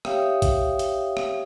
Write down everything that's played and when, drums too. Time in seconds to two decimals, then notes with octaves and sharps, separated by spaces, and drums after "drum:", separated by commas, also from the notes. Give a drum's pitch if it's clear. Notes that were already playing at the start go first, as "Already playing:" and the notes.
0.05 G4 C#5 E5 F5 G5 D#6, drum: rim click
0.42 drum: kick, hi-hat
0.79 drum: hi-hat
1.17 drum: rim click